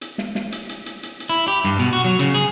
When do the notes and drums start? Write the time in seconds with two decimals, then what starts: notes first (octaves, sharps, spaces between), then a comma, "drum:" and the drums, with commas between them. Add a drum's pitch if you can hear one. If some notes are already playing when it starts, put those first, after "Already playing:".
0.01 drum: hi-hat
0.18 drum: snare
0.35 drum: snare
0.52 drum: hi-hat
0.69 drum: hi-hat
0.86 drum: hi-hat
1.03 drum: hi-hat
1.20 drum: hi-hat
1.29 E4
1.48 G4
1.65 G2
1.79 B2
1.93 F#4
2.05 F#3
2.19 C#3, drum: hi-hat
2.34 G#4